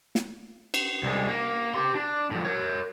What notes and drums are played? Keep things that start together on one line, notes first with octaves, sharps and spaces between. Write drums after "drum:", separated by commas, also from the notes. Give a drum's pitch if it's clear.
drum: snare
drum: cymbal
C2 G#3
A#3
G4 C6
D4
A2 F3
A#4 C#5